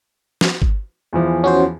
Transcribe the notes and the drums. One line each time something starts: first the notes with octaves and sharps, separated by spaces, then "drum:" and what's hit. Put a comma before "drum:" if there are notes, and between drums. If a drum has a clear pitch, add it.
drum: snare
drum: kick G1
E2 E3 F3
C#4 F#4 C5